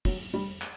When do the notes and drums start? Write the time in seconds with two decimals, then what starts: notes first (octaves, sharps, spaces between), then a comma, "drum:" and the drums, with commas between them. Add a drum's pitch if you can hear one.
0.05 F#3, drum: kick, open hi-hat
0.34 G3
0.61 drum: clap